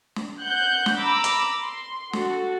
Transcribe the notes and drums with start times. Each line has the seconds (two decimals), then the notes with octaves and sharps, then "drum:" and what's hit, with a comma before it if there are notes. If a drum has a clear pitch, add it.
0.16 drum: snare
0.40 F#5 F#6 G6
0.86 drum: snare
0.98 A#5 B5 D6 E6
1.24 drum: hi-hat
1.64 C6
2.13 F#4 A4, drum: snare